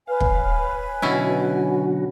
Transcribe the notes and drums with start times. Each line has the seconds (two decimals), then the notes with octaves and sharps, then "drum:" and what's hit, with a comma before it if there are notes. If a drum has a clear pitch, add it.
0.07 B4 C#5 F5 G#5
0.21 drum: kick
1.02 B2 D3 F#3 C#4 E4 F#4